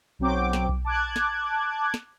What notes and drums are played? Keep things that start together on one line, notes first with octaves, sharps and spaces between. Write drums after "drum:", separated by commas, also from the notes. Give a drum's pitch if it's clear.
B1 F#3 C4 G5 D6
drum: snare
drum: kick B1
A5 D6 F#6 G#6
drum: snare
drum: snare